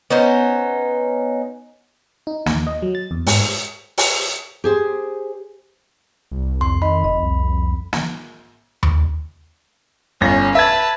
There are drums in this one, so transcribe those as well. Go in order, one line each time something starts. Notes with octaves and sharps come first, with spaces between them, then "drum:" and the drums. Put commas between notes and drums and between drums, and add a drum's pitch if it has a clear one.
B3 C#4 D#4 C5
D#4
D#2, drum: snare
D#5
F#3
A6
E2
G#2, drum: open hi-hat
drum: open hi-hat
G4 G#4 C5
C2
F2 C6
D#3 D#5 B5
F#1 F2 D#5
C2
drum: snare
drum: tom D#2
G1 C#4 A#6
B4 E5 A5 G#6